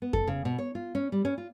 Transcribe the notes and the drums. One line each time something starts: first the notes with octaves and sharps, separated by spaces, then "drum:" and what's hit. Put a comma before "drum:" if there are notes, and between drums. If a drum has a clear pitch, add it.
B3
A4, drum: kick F2
C#3
B2
C#5
F4
C#4
G3
C#4
F4